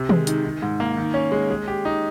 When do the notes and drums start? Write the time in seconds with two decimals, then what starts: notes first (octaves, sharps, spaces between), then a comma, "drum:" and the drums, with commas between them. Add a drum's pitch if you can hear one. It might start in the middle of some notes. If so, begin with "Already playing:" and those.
Already playing: C3
0.09 G#3, drum: tom D#3
0.27 D#3, drum: hi-hat
0.44 D#3
0.62 G#2
0.80 A#3
0.97 D#3
1.14 C#4
1.32 G#3
1.50 G#3
1.67 G4
1.85 D#4